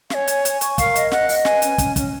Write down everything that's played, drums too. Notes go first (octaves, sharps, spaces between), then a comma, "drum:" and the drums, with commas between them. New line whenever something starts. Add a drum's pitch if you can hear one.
C#5 F5 G#5, drum: snare
G#5, drum: hi-hat
G#5, drum: hi-hat
C#6, drum: hi-hat
A#4 F5, drum: kick, hi-hat
D#5, drum: hi-hat
D#5 F#5, drum: snare
D#5, drum: open hi-hat
B4 G#5, drum: snare
C#4, drum: hi-hat
C#4, drum: kick, hi-hat
C#4, drum: kick, hi-hat